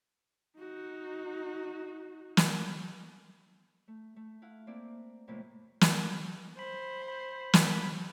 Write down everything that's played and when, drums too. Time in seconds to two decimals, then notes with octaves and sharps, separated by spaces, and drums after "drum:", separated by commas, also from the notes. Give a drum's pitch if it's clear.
0.58 D#4 F#4
2.37 drum: snare
3.88 A3
4.16 A3
4.42 E4 F5 F#5
4.67 A#3 C4 E4 D5
5.27 F2 A2 C3 G#3 A#3 B4
5.81 drum: snare
6.59 C5 B5
7.08 B5
7.54 drum: snare